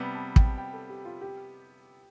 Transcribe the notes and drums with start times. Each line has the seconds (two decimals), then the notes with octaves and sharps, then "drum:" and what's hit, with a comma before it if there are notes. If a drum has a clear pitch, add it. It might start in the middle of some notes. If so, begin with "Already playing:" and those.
Already playing: C3 G3 B3
0.15 A5
0.36 G5, drum: kick
0.58 G5
0.73 A4
0.89 G4
1.05 F4
1.21 G4